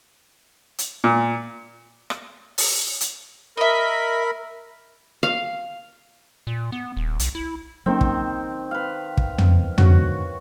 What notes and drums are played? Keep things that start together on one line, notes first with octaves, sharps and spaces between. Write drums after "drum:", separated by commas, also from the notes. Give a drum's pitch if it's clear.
drum: hi-hat
A#2
drum: rim click
drum: open hi-hat
drum: hi-hat
A#4 D#5 E5 B5
F5
A#2
B3
D#1
B1, drum: hi-hat
E4
D#3 F#3 A#3 C4 C#4
drum: kick
B4 F5
drum: kick
drum: tom
G#2 D3 F#4 C#5, drum: tom